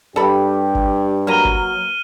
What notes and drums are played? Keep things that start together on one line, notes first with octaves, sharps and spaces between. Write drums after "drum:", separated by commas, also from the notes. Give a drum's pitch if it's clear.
G2 G4 A4 B5
drum: kick G1
F#3 A#3 B4 A#5 F6 D#7 G7
drum: kick G1